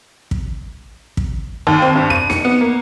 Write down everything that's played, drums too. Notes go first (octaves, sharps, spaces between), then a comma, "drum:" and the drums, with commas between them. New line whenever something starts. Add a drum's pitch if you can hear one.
drum: kick
drum: kick
D#2
C4
G2
D#7
C#7, drum: snare
B3
A#3